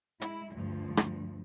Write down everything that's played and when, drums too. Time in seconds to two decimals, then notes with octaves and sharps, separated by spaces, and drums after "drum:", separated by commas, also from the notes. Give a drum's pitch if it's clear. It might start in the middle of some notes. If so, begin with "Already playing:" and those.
0.22 G#3 E4, drum: hi-hat
0.54 D2 G2 F3
0.97 drum: rim click